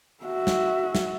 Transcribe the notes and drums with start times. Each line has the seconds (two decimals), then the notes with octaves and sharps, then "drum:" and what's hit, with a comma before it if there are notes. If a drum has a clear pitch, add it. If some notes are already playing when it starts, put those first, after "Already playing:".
0.24 F#4 E5
0.47 drum: snare
0.95 drum: snare